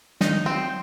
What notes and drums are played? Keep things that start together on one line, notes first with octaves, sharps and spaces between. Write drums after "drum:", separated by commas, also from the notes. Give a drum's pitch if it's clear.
D#3 D#4, drum: snare
F#3 C4